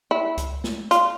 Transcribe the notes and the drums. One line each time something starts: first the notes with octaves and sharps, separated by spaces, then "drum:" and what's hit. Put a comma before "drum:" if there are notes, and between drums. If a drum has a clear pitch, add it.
E4
drum: kick C#2, hi-hat
drum: snare
F4, drum: hi-hat